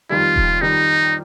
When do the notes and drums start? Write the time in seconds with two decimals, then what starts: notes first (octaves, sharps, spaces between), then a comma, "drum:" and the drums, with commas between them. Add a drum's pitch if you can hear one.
0.10 F2 D#3 G3 F4
0.36 drum: kick D#1
0.61 F2 D#3 G3 D#4